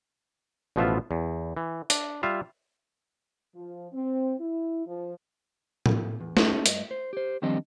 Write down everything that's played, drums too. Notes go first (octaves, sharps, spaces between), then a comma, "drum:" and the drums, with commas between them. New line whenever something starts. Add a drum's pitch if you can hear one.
A1 B2 F3 B3 F4 E5
E2
E3
D4, drum: hi-hat
G3 F4 E5 F5
F3
C4
E4
F3
drum: tom A2
E2
C#4 D#4 G#4 A4, drum: snare
G2 D#5, drum: hi-hat
C5
G4 C5
D#3 F3 G3 C4 D4 D#5